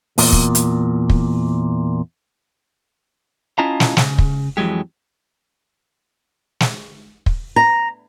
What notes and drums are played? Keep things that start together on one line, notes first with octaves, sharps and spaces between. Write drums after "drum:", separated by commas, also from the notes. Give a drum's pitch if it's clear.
E2 A#2, drum: open hi-hat
drum: kick
drum: hi-hat
drum: kick
C#4 E4 F4 D#5 A5 A#5
drum: snare
C#3, drum: snare
drum: kick
F2 E3 F#3 G#3 G4
drum: snare
drum: kick
A#5